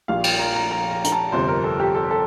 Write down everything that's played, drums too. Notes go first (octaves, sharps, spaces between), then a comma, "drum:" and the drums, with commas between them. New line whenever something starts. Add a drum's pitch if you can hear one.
A#1 A#2 G3 F5
G5, drum: cymbal
A#5
A#5
A#5
A#5
A#5, drum: hi-hat
A5
G1 F2 C3 F3 C5
A#4
A4
G4
A4
A4